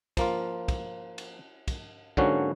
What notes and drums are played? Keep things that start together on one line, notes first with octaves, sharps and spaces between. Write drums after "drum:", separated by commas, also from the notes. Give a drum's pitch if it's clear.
F3 A#3 F4, drum: kick, cymbal
drum: kick, cymbal
drum: cymbal
drum: kick, cymbal
G#2 D3 F#3 A#3 C#4 F#4, drum: kick